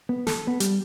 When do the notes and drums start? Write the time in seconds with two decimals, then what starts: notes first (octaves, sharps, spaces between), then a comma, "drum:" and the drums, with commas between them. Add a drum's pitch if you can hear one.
0.09 B3
0.27 A4, drum: snare
0.47 B3
0.60 G3, drum: hi-hat